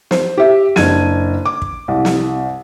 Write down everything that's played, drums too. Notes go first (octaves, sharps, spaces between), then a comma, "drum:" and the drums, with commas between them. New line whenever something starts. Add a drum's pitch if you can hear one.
C5, drum: snare
G4 E5
F#1 D4 G#6 D#7, drum: snare
D6
drum: kick
C2
drum: snare